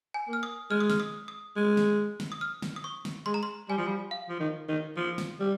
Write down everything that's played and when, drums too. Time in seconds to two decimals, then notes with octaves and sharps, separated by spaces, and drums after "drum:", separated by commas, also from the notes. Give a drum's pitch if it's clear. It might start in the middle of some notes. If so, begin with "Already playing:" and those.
0.14 G#5
0.28 A#3
0.33 F6
0.43 D#6
0.70 G#3 F6
0.80 D#6
0.90 F6, drum: snare
1.00 D#6
1.28 D#6
1.56 G#3
1.77 drum: snare
2.20 drum: snare
2.32 D#6
2.41 F6
2.62 drum: snare
2.76 D#6
2.84 C#6
3.05 drum: snare
3.26 G#3 C6
3.34 A#5
3.43 C6
3.69 G3 G#5
3.77 F3
3.87 G3
4.11 F5
4.29 F3
4.40 D#3
4.69 D#3
4.97 F3
5.18 drum: snare
5.40 G3